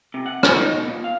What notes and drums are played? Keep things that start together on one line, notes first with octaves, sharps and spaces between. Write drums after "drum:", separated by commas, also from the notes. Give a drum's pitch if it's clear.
C3
F#5
C#4, drum: rim click
D#4
B2
A#2
F5